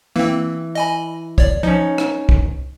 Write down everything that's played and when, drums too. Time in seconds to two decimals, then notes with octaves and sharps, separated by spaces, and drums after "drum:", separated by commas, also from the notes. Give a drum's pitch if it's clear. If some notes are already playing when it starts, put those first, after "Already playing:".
0.16 E3 A#3 C4
0.75 D#5 G#5 B5
1.38 C#5 D5, drum: kick
1.63 F3 C#4 D#4
1.98 drum: rim click
2.29 drum: kick